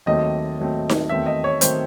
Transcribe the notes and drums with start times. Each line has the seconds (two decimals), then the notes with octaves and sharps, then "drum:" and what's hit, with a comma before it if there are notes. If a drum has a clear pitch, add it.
0.06 D#2 D#3 F#3 A3 C4 D#5
0.59 D#2 D#3 F#3 A3 C4
0.89 drum: snare D#4
1.09 E2 D#3 F#3 A3 C4 E5
1.26 D#5
1.44 C#5
1.61 D#3 F#3 A3 C4 C5, drum: hi-hat